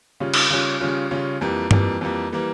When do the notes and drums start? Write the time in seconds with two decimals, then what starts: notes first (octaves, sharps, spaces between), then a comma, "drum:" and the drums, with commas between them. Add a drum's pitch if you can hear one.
0.20 C#3 G3 C#4 F4
0.34 drum: cymbal
0.50 C#3 G3 C#4 F4
0.80 C#3 G3 C#4 F4
1.11 C#3 G3 C#4 F4
1.41 F2 E3 G3 A#3
1.71 F2 E3 G3 A#3, drum: tom G2
2.01 F2 E3 G3 A#3
2.32 E3 G3 A#3